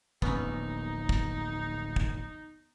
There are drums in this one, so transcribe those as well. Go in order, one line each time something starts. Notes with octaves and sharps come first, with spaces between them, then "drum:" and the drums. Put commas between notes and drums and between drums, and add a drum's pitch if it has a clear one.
D1 A#1 B3 C#4 D#4, drum: kick
drum: kick
drum: kick